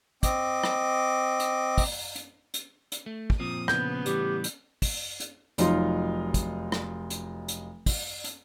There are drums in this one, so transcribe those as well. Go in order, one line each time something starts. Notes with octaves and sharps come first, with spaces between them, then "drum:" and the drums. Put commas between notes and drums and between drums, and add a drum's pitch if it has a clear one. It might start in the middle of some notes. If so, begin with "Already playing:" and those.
C4 D#5 D6, drum: kick, hi-hat
drum: rim click
drum: hi-hat
drum: kick, open hi-hat
drum: hi-hat
drum: hi-hat
drum: hi-hat
A3
drum: kick
A#2 F3 C4 D#6
C#3 B3 G6, drum: rim click
A2 E3 G3 G4, drum: hi-hat
drum: hi-hat
drum: kick, open hi-hat
drum: hi-hat
F1 F#3 D#4 F4, drum: hi-hat
drum: kick, hi-hat
drum: rim click
drum: hi-hat
drum: hi-hat
drum: kick, open hi-hat
drum: hi-hat